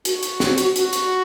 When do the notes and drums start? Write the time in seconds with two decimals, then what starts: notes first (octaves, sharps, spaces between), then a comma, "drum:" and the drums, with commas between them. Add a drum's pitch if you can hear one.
0.05 F#4, drum: hi-hat
0.23 drum: hi-hat
0.40 drum: snare
0.58 drum: hi-hat
0.76 F#4, drum: hi-hat
0.93 drum: hi-hat